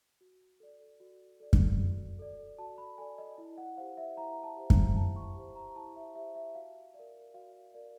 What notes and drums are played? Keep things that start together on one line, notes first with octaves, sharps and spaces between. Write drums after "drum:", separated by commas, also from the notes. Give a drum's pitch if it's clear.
F#4
A4 D5
F#4
A4 D5
drum: kick F#2
F#4
A4 D5
F#4 A5
B5
A4 D5 G#5
D#5
E4
F#5
G4 C5 F5
E5
E4 A#5
A5
G4 C5
A#5, drum: kick F#2
E4 A5
C#6
G4 C5
A#5
E4 A5
E5
G4 C5 E5
E5
F#4 F5
D5
A#4
F#4 F5
A#4 D5